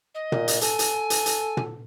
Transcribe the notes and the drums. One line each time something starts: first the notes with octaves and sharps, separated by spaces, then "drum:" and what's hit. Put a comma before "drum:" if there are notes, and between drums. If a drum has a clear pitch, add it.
D#5
A#2, drum: tom
drum: hi-hat
A4 G#5, drum: hi-hat
drum: hi-hat
drum: hi-hat
drum: hi-hat
drum: tom